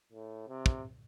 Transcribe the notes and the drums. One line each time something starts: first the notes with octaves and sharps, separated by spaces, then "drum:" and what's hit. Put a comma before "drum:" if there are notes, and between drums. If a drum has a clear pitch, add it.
A2
C3
drum: kick